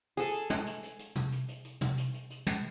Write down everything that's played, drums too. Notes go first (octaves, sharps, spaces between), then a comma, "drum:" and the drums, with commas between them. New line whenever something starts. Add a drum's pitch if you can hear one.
G#4 A4, drum: hi-hat
drum: hi-hat
drum: tom
drum: hi-hat
drum: hi-hat
drum: hi-hat
drum: tom
drum: hi-hat
drum: hi-hat
drum: hi-hat
drum: tom
drum: hi-hat
drum: hi-hat
drum: hi-hat
drum: tom